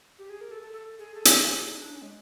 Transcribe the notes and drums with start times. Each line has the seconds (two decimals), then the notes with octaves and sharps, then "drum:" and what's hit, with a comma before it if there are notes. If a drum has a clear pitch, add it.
0.19 G4
0.30 G#4
0.41 A#4
0.51 A4
0.62 A4
0.72 A4
0.99 G#4
1.14 A4
1.25 G4, drum: hi-hat
1.46 F#4
1.52 A4
1.57 G#4
1.68 D#4
1.77 D4
1.93 C#4
2.02 G#3